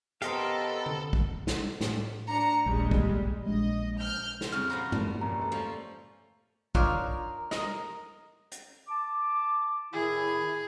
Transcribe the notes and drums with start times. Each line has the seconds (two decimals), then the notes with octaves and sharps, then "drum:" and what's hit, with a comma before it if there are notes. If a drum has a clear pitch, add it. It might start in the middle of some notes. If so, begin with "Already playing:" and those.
0.22 B3 G4 A4 A#4 C5 D#5 F5, drum: hi-hat
0.86 drum: tom
1.13 drum: kick
1.47 drum: snare
1.81 A2, drum: snare
2.29 D4 A#5 C#7
2.66 D#1 A#1 G3 G#3
2.91 drum: kick
3.46 A#1 G#3 D#5
3.97 F6 G6
4.41 drum: snare
4.52 F2 C#3 C#6 F6
4.70 A#2 F3 F#4 A#5 B5
4.92 G3 A5, drum: tom G2
5.21 F2 A#2 C#4 A#5
5.38 E1 B3 A4
5.52 F3 A3 C#4 D5 C7
6.75 D4 D#4 F4 A#4 C#5, drum: kick
7.51 A#4 D#5 D#6, drum: snare
8.52 drum: hi-hat
8.88 A5 D6
9.93 A2 D#3 E4 G#4